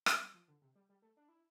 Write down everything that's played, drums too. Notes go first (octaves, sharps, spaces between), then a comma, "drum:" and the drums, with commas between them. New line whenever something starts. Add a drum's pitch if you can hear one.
F3, drum: rim click
G3
F3
D3
C3
G3
G3
A3
D4
E4